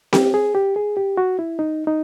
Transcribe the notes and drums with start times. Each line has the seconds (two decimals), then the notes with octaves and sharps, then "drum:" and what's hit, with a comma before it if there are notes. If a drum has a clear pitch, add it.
0.13 G4, drum: snare C4
0.34 G#4
0.55 G4
0.76 G#4
0.97 G4
1.17 F#4
1.39 E4
1.59 D#4
1.87 D#4